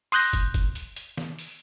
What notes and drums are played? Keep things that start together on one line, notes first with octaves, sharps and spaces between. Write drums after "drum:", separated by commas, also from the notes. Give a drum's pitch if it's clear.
C6 D#6 F#6 G6 A#6, drum: open hi-hat
drum: kick, hi-hat
drum: kick, hi-hat
drum: hi-hat
drum: hi-hat
drum: snare
drum: open hi-hat